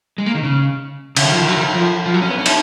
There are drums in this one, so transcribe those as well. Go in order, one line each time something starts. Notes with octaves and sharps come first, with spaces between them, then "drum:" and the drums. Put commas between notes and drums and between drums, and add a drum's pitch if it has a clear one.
G#3
A#3
D#3
C#3
C#3, drum: cymbal
D#3
F3
D#3
F#3
D#3
F3
F3
F#3
C#4
B3
C#4
D#4, drum: cymbal